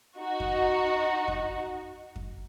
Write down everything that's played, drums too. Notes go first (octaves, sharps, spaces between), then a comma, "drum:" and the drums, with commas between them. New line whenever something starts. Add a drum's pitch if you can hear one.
D#4 F#4
drum: kick F2
drum: kick F2
drum: kick F2